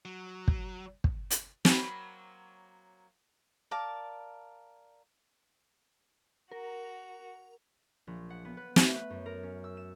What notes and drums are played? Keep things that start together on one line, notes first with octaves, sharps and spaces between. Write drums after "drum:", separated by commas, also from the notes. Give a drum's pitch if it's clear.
F#3
drum: kick
drum: kick
drum: hi-hat
F#3 A#3 C4 B5, drum: snare
A#4 D5 F5 A5
F#4 A#4
A#1
F#5
B3
B4
A3, drum: snare
B4
F#2
A#4
C#4
E6
E7